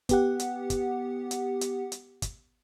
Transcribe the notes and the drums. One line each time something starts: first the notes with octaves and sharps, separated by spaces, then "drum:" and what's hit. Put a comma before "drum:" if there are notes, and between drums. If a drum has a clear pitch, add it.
B3 G4 F#5, drum: kick, hi-hat
drum: hi-hat
drum: kick, hi-hat
drum: hi-hat
drum: hi-hat
drum: hi-hat
drum: kick, hi-hat